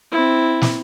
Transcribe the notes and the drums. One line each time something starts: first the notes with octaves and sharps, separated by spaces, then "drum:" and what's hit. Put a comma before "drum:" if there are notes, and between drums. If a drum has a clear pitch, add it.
C4 E4
drum: snare